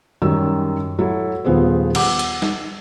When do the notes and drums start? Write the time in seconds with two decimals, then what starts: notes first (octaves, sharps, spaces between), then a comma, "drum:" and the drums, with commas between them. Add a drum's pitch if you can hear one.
0.22 F#2 D#3 G3 E6
0.99 F#3 E4 A4
1.45 D#1 F3 B3 G#4 C5
1.95 F#5 D6 E6, drum: cymbal
2.19 drum: hi-hat
2.42 drum: snare